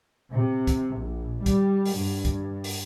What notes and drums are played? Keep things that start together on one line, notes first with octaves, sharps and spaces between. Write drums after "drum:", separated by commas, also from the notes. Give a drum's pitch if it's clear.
C3
drum: kick, hi-hat
A#1
G3, drum: kick, hi-hat
drum: open hi-hat
G2
drum: kick, hi-hat
drum: open hi-hat